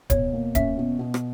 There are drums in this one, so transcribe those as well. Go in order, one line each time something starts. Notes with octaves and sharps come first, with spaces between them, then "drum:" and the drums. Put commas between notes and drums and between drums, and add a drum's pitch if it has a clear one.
B2 C#5, drum: kick, hi-hat
A#3
C#4 E5, drum: kick, hi-hat
B2
B2
drum: rim click